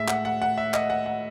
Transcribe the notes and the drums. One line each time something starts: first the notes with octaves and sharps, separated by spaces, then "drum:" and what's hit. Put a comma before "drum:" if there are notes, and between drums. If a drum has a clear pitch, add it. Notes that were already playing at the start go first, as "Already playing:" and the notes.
Already playing: A2 G#3 E5
F#5, drum: clap
F#5
F#5
E5
D#5, drum: clap
F#5
F#5